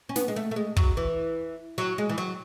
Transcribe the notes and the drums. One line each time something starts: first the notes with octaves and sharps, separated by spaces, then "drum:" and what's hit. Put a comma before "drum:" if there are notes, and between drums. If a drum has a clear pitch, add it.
C#4
B3, drum: snare
G#3
A3
A3
G#3
F#3, drum: kick
E3
F#3
G#3
E3
F#3